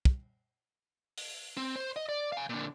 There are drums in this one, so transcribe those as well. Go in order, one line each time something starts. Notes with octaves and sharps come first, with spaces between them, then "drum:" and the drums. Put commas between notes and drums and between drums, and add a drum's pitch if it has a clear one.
drum: kick
drum: open hi-hat
C4
C5
D#5
D5
F5 G#5
A#2 D3